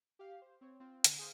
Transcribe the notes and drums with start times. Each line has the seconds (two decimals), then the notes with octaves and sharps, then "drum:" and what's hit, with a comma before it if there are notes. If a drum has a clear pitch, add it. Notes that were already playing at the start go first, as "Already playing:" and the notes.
0.19 G4 F5
0.42 C5
0.61 C4 C#5
0.80 C4 F4
1.04 D3, drum: hi-hat
1.19 G#4 C5 F5